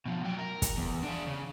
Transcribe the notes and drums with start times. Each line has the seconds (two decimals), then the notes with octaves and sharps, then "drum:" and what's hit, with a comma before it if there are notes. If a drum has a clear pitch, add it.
0.06 B2 F3
0.24 F#3 G4
0.39 A#4
0.62 drum: kick, hi-hat
0.77 E2
1.03 D4 G#4
1.27 C#3